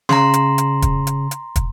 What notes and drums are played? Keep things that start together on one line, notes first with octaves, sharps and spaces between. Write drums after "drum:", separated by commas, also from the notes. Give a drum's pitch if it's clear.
C#3 A#5 C6, drum: snare
drum: hi-hat
drum: hi-hat
drum: kick, hi-hat
drum: hi-hat
drum: hi-hat
drum: kick, hi-hat